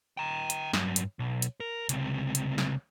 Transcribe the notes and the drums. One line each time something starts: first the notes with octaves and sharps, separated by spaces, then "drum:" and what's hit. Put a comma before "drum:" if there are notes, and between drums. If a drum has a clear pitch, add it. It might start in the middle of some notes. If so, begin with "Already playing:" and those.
G5 A#5
drum: hi-hat
G2 F#3, drum: snare
drum: hi-hat
B1
drum: hi-hat
A#4
C#2 C3, drum: hi-hat
drum: hi-hat
drum: snare